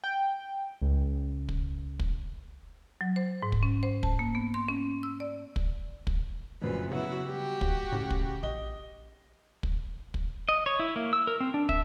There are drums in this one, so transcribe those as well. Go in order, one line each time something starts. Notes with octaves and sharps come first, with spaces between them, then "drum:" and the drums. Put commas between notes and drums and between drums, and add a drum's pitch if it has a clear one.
G5
C#2
drum: kick
drum: kick
F#3
C5
G#2
drum: kick
C#4
C5
A5, drum: kick
A#3
B3
C6
C#4
E6
D5
drum: kick
drum: kick
A#1 F#2 A#2 C#3 F3 B4
C#3 F#3 B3 E4 F#4
G3 F#4 G4
D#2, drum: kick
A2 C#3
drum: kick
A#1 D#5 G7
drum: kick
drum: kick
D#5
C#5
E4
A#3
E6
A#4
C4
D4
E5, drum: kick